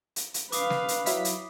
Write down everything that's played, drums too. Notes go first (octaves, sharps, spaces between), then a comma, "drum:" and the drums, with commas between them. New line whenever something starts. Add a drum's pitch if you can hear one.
drum: hi-hat
drum: hi-hat
B4 F5 D6 D#6 C7, drum: hi-hat
drum: snare
drum: hi-hat
F#3 E4 B6, drum: hi-hat
drum: hi-hat